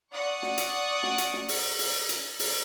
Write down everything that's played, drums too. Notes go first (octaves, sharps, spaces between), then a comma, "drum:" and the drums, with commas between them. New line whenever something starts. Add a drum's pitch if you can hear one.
D5 F#5 C#6 D#6 C#7
drum: snare
drum: hi-hat
drum: snare
drum: hi-hat
drum: snare
drum: open hi-hat
drum: open hi-hat
drum: hi-hat
drum: open hi-hat